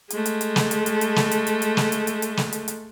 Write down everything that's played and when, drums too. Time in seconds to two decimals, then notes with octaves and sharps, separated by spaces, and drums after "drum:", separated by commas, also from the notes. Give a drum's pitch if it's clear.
0.10 G#3 A3, drum: hi-hat
0.26 drum: hi-hat
0.41 drum: hi-hat
0.56 drum: snare
0.71 drum: hi-hat
0.86 drum: hi-hat
1.01 drum: hi-hat
1.16 drum: snare
1.31 drum: hi-hat
1.47 drum: hi-hat
1.62 drum: hi-hat
1.77 drum: snare
1.92 drum: hi-hat
2.07 drum: hi-hat
2.22 drum: hi-hat
2.37 drum: snare
2.53 drum: hi-hat
2.68 drum: hi-hat